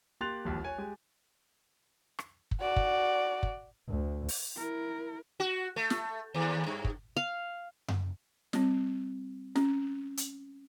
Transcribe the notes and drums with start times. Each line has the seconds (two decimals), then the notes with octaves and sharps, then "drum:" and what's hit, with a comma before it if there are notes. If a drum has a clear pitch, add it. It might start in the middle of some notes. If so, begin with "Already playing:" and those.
0.21 A#3 G4 C6 F#6 A6 F7
0.44 E1 A#1 D#2
0.64 C#5 G#5
0.78 G#3 G4 G#5
2.19 drum: rim click
2.51 drum: kick
2.61 F#4 D5
2.76 drum: kick
3.43 drum: kick
3.89 D2
4.29 drum: open hi-hat
4.57 E4 A#4
5.40 F#4
5.76 A3
5.90 drum: snare
6.35 D#2
6.66 G2
6.85 drum: kick
7.17 F5
7.88 drum: tom F#2
8.53 G3 C4, drum: snare
9.56 C#4, drum: snare
10.17 drum: hi-hat